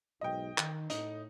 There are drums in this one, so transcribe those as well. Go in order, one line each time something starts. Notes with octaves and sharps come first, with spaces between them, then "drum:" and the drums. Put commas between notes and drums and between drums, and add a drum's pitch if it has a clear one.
B1 G#2 D#5 G5
D#3, drum: clap
A2 D#4, drum: hi-hat